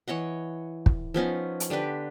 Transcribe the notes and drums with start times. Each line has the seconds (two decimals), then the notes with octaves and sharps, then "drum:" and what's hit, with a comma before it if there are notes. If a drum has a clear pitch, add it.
0.08 E3 C#5 D#5 F#5
0.86 drum: kick
1.14 F3 B3 C#4 D#4
1.60 drum: hi-hat
1.70 D3 D4 G4 B4